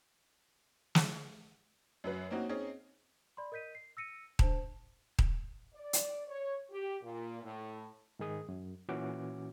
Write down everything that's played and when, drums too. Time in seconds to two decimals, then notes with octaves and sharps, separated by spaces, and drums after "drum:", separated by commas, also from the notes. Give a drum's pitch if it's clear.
0.95 drum: snare
2.04 F#2 F#3 B4
2.31 A#3 C4 C#4 D#4 F#4
2.49 C4 C#4 D#4 G#4
3.37 D5 B5 C6
3.52 A#4 D#5 G6 B6 D#7
3.75 C7
3.97 E6 A#6 C#7 D#7
4.39 D4 C5 A5, drum: kick D#1
5.19 drum: kick D#1
5.74 D5
5.93 drum: hi-hat
6.28 C#5
6.72 G4
7.03 A#2
7.43 A2
8.19 G#2 D#3 G#4 D#6
8.49 F#2
8.89 A#2 E3 C#4 F#4 D6